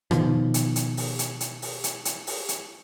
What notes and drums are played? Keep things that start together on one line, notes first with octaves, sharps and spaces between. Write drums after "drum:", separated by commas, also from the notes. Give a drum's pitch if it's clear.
B2 D#3 F3, drum: rim click
drum: hi-hat
drum: hi-hat
drum: open hi-hat
drum: hi-hat
drum: hi-hat
drum: open hi-hat
drum: hi-hat
drum: hi-hat
drum: open hi-hat
drum: hi-hat